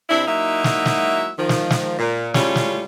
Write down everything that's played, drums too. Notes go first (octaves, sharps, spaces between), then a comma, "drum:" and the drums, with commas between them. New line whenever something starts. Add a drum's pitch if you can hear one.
C3 C4 D4 E4
F#3 A#3 D#4 E4 F#4 E5
drum: snare
drum: snare
D#3 F3
drum: snare
drum: snare
A#2
A2 C#3 G3 G#3 C#4 F4, drum: snare
drum: snare